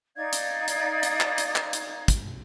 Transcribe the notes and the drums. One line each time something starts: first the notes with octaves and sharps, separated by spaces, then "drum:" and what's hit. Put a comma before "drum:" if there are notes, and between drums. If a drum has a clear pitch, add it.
D#4 D5 F5 G#6
drum: hi-hat
drum: hi-hat
drum: hi-hat
drum: clap
drum: hi-hat
drum: clap
drum: hi-hat
drum: kick, hi-hat